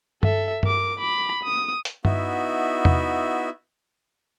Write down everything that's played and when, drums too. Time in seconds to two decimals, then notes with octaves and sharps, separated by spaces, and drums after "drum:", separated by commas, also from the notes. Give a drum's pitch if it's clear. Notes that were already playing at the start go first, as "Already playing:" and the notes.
0.23 A4 E5, drum: tom G2
0.63 A#4 D6, drum: tom G2
0.99 B5 D6
1.43 D#6
1.85 drum: hi-hat
2.05 B3 D#4 E4 F#4 E5, drum: tom G2
2.85 drum: tom E2